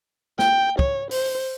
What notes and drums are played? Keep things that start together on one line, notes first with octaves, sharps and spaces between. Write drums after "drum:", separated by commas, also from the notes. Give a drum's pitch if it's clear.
G5, drum: snare
C#5, drum: kick
C5, drum: open hi-hat